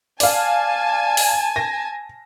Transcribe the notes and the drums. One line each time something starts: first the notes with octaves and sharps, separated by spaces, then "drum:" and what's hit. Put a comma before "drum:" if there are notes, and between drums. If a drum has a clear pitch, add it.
D5 F5 G#5 A5, drum: open hi-hat
drum: open hi-hat
A#6